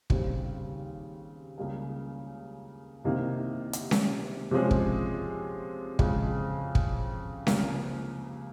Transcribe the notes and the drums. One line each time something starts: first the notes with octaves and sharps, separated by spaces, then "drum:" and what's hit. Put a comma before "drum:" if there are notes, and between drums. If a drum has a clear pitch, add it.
D#2 C#3 G3 C4, drum: kick
C#2 C#3 G3 A#3
C2 C3 D#3 A#3 D#4
drum: hi-hat
drum: snare C#4
C3 F3 G#3 C#4 G#4
drum: kick
F2 C#3 G#3, drum: kick
drum: kick
C#2 C3 F3 A#3, drum: snare C#4